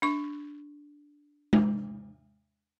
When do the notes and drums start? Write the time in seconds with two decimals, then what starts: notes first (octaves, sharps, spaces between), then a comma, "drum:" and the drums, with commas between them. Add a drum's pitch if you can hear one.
0.02 D4 C#6
1.53 drum: tom G#3